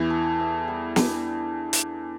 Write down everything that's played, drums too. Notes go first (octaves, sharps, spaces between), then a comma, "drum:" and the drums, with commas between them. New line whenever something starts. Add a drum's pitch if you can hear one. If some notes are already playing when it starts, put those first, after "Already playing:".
Already playing: E2 E3 E4
A4
E5
G3
D4, drum: snare
drum: hi-hat